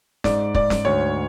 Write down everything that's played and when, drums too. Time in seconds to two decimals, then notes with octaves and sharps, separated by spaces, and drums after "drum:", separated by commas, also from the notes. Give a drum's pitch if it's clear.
0.24 G#2 D5, drum: snare
0.54 G#2 D5, drum: kick
0.70 drum: snare
0.85 D2 C#5